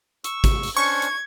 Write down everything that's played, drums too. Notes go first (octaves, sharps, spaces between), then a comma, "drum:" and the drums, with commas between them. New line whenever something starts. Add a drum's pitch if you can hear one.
C#6 E6, drum: hi-hat
drum: kick G#1, hi-hat
drum: open hi-hat
C#4 D4 C5 C#6 G#6
drum: hi-hat